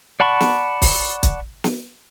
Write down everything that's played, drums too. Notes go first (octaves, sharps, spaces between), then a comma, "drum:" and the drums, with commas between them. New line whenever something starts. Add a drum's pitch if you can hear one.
D5 F#5 A5 B5 C#6
drum: snare
drum: kick, open hi-hat
drum: kick, hi-hat
drum: snare